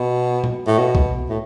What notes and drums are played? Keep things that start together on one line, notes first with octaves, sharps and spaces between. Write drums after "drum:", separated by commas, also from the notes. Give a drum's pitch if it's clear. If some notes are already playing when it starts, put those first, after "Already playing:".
Already playing: B2
drum: tom A#2
A2
B2
drum: kick
A2